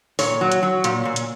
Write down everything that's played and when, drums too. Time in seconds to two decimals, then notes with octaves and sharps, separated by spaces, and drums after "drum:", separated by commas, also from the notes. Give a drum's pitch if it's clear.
0.19 A#2 C#5, drum: open hi-hat
0.41 F#3
0.52 drum: hi-hat
0.63 F#3
0.84 A#2, drum: hi-hat
1.05 A#2
1.16 drum: hi-hat